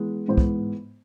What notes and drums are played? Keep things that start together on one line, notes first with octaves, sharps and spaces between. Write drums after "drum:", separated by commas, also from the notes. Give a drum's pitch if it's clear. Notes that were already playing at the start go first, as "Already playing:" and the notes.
Already playing: E3 G#3 B3
G#2 E3 G#3 B3 C5
drum: kick